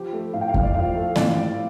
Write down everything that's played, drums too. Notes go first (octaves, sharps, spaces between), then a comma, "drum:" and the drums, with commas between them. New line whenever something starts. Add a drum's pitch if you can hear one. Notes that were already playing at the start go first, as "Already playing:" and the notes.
Already playing: F3 G4
A3
A2 F5
G5
F5
A2, drum: kick F2
D5
F3 F5
A3
A2 D5, drum: snare A#3
A2